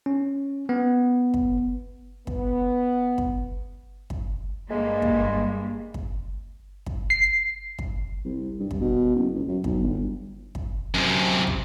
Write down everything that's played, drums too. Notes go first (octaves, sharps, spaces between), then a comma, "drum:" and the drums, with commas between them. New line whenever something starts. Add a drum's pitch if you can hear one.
C#4
B3
drum: kick
B3, drum: kick
drum: kick
drum: kick
G2 G3 G#3 A#3
drum: kick
drum: kick
drum: kick
C7
drum: kick
C2
G2
drum: kick
B2
F#1
C#2
F#2
B1, drum: kick
G1
drum: kick
F#2 C3
drum: kick